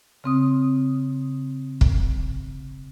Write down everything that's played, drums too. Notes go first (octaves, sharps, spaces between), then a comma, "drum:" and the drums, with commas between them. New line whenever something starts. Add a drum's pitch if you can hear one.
C#3 C4 D#6
drum: kick